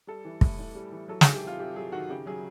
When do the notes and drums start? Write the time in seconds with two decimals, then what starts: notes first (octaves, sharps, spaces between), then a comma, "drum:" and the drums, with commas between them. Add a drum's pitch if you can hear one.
0.07 G3 A4
0.25 E3
0.41 A2, drum: kick
0.59 A2
0.75 G3
0.92 E3
1.08 F#3 A4
1.21 D#3 G#4, drum: snare
1.35 G4
1.43 C3 F4
1.59 C3 G4
1.76 F#3 G#4
1.92 D#3 F#4
2.10 C#3 G4
2.26 F#3 G#4